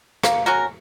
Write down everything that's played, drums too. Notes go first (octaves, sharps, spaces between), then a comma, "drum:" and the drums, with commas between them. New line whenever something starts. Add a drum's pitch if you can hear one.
A#3, drum: rim click
C#4 F#4 A#4